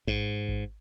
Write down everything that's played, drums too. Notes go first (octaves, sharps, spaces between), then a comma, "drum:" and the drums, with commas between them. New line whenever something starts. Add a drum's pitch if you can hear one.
G#2, drum: kick G#1
drum: kick G#1